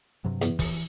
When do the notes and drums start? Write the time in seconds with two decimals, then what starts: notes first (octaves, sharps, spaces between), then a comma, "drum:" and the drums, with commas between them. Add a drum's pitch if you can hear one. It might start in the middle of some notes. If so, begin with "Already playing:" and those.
0.24 G2 C3 F#3
0.42 E2, drum: hi-hat
0.59 E3, drum: kick, open hi-hat